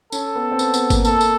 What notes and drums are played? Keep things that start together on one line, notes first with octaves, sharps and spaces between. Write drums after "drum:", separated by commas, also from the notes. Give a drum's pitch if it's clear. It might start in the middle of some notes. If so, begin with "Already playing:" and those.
C#4 A4, drum: tambourine
B3
C4
B3, drum: tambourine
B3, drum: tambourine
A#3, drum: kick G1, tambourine
A#3 A4, drum: tambourine
drum: tambourine